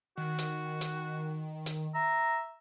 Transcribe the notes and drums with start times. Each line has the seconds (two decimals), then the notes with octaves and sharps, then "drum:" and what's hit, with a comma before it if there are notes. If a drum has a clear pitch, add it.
0.17 D#3 F#4
0.39 drum: hi-hat
0.81 drum: hi-hat
1.66 drum: hi-hat
1.95 E5 A#5